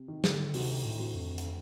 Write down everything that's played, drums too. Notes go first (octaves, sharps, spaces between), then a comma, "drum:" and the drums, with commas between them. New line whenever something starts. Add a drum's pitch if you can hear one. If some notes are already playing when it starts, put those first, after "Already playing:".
Already playing: C3
D#3
D3, drum: snare
D2 C3, drum: open hi-hat
A2
D2
F2
drum: hi-hat